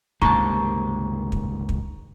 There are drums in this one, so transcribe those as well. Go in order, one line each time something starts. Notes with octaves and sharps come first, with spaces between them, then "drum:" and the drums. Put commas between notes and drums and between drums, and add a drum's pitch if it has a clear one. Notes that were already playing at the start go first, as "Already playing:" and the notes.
C#2 G2 C3 D#3 A#3 A5 A#5 C#6, drum: kick
drum: kick
drum: kick